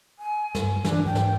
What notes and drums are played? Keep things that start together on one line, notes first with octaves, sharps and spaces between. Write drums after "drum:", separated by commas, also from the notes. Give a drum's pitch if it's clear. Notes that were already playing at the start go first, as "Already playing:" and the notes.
G#5
G2, drum: snare
E3 F#3 D4, drum: snare
G#2 G5
drum: snare